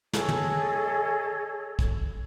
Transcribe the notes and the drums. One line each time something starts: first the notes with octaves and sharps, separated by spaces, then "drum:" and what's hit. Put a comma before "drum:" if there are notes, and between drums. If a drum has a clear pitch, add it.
G#4 A4 C#5 D#5, drum: snare
drum: tom
drum: kick A#1